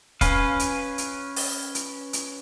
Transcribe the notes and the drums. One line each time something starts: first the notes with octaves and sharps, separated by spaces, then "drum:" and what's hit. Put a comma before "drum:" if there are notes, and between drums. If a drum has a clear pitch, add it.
C#4 B4 F5, drum: kick, hi-hat
drum: hi-hat
drum: hi-hat
drum: open hi-hat
drum: hi-hat
drum: hi-hat